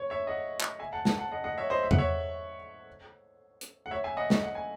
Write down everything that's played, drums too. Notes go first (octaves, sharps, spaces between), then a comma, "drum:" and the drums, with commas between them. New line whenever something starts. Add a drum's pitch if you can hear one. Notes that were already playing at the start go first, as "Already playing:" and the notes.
Already playing: C#5
C#5 E5
D#5 F#5
drum: clap
E5 G#5
F#5 A5
F#5 A5, drum: snare
F#5 A5
D#5 F#5
D#5 F#5
C#5 E5
C5 D#5
E5
F#5, drum: tom E2
C#5 E5
drum: hi-hat
F#5
C#5 E5
E5 G#5
D#5 F#5
D#5 F#5, drum: snare
F#5
G#5